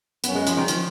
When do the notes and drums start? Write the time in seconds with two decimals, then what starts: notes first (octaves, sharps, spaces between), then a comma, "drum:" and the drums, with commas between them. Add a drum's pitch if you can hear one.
0.24 F#2 C#3 F#3 B3 C#4, drum: hi-hat
0.35 G#3
0.47 F3, drum: hi-hat
0.57 D#3
0.68 F3, drum: hi-hat